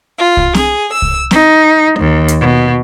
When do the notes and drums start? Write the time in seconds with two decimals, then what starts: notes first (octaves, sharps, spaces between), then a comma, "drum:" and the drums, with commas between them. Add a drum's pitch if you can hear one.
0.17 F4
0.37 drum: kick C2
0.54 G#4, drum: snare C4
0.92 E6
1.02 drum: kick C2
1.31 D#4, drum: snare C4
1.97 D#2
2.28 drum: hi-hat
2.40 B2